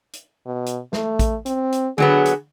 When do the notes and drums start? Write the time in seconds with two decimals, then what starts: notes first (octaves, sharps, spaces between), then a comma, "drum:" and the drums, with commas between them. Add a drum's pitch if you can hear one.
0.13 drum: hi-hat
0.46 B2
0.66 drum: hi-hat
0.93 A3, drum: snare
1.19 drum: kick A1, hi-hat
1.46 C4, drum: hi-hat
1.72 drum: hi-hat
1.98 D3 F#3 B3 G#4, drum: tom D3
2.25 drum: hi-hat